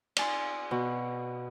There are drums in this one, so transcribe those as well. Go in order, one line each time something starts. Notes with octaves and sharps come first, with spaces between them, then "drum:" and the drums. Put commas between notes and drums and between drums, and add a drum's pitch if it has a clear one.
D5 G#5 C6, drum: cymbal
B2